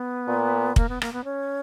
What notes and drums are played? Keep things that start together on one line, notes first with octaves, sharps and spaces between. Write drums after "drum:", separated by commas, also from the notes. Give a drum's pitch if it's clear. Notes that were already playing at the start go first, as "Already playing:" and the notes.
Already playing: B3
A#2
A#3, drum: kick
B3
A#3, drum: rim click
B3
C#4